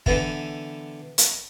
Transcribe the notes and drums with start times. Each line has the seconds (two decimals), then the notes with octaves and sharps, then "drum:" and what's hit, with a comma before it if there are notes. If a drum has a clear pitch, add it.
0.06 D3 E3 B3 E4, drum: kick
1.18 drum: hi-hat